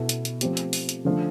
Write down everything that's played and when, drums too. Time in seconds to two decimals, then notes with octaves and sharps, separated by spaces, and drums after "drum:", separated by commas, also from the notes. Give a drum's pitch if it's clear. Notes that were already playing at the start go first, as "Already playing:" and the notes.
Already playing: B2 B3 E4 A4
0.09 drum: hi-hat
0.25 drum: hi-hat
0.41 F3 A3 C4 G4, drum: hi-hat
0.57 drum: hi-hat
0.73 drum: open hi-hat
0.89 drum: hi-hat
1.05 D3 F3 A3